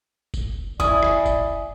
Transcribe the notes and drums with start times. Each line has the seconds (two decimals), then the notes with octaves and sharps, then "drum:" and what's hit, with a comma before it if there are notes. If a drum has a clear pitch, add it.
0.34 drum: kick, tambourine
0.80 E4 D5 G#5 D#6, drum: kick, tambourine
1.03 drum: rim click
1.26 drum: kick, tambourine